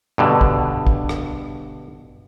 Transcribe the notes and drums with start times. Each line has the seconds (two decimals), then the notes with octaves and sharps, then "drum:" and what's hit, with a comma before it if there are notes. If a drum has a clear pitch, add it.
0.18 G2 B2 D3
0.41 drum: kick
0.87 drum: kick
1.09 drum: rim click